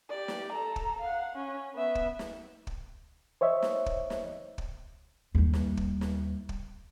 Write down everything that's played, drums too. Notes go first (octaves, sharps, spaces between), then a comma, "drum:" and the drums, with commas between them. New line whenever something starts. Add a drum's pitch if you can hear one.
G4 D5
drum: snare
A4 A#5
drum: kick
F5 F#5
C#4
B3 E5
drum: kick
drum: snare
drum: kick
C5 C#5 D#5 E5
drum: snare
drum: kick
drum: snare
drum: kick
D#2 G3
drum: snare
drum: kick
drum: snare
drum: kick